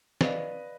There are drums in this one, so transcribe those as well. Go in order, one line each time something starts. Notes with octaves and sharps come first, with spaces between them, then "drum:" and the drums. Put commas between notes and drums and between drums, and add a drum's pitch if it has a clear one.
B4 D5 D#5 F5 B5, drum: snare